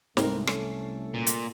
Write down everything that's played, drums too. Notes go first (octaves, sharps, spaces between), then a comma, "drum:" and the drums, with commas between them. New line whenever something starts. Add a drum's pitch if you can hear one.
C2 G#2 A3 C4 A#4, drum: snare
C#4 A4, drum: rim click
A#2
drum: hi-hat